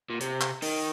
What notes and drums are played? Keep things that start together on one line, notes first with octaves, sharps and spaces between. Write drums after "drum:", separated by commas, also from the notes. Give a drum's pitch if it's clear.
A#2
C3, drum: hi-hat
drum: clap
D#3, drum: open hi-hat